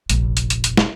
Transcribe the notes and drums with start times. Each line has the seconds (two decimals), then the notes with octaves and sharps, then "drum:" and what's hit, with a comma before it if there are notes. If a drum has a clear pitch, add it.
0.10 F1 A#1, drum: hi-hat
0.37 drum: hi-hat
0.50 drum: hi-hat
0.64 drum: hi-hat
0.77 drum: snare